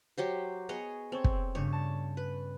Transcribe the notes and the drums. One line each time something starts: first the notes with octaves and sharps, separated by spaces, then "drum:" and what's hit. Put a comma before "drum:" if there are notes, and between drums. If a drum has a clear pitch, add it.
F#3 G4 C5
B3 G#4 C#5 D#5
C4 A4 C#5
drum: kick
G2 C#3 G3 C#5
A5 A6
B4